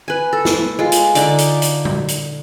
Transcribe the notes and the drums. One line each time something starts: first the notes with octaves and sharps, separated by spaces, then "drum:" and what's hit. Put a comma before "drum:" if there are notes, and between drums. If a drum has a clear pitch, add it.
B4 G#5
A4
drum: snare
G#3 F4
drum: hi-hat
D3 D#4 D5 D6, drum: hi-hat
drum: hi-hat
drum: hi-hat
drum: tom A#2
drum: hi-hat